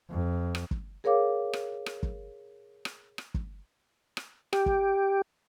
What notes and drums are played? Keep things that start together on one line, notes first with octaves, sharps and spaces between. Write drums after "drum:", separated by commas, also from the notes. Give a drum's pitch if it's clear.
F2
drum: rim click
drum: kick
G#4 A#4 C#5 F5 D6
drum: rim click
drum: rim click
drum: kick
drum: rim click
drum: rim click
drum: kick
drum: rim click
G4, drum: rim click
drum: kick